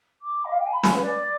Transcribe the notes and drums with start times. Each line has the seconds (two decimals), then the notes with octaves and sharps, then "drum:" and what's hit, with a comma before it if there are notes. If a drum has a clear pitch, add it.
0.22 D6
0.45 D#5
0.51 F5
0.59 G5
0.66 G#5
0.73 B5
0.83 G#5, drum: snare
0.94 B4
1.03 D5